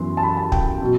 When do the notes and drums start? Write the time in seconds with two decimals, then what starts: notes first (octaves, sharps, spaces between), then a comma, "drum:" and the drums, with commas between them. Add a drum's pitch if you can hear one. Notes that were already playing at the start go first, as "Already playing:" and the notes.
Already playing: F#2 E3 B3 C6
0.17 A5
0.23 B5
0.37 A5
0.52 G5, drum: kick
0.82 B2 F#3